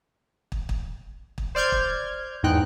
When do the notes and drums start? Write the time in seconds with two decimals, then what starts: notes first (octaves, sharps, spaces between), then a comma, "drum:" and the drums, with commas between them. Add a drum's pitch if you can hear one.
0.52 drum: kick
0.69 drum: kick
1.38 drum: kick
1.55 C5 D5 F6 G6 G#6
1.72 drum: kick
2.43 E2 G#2 D#4 G5 F#6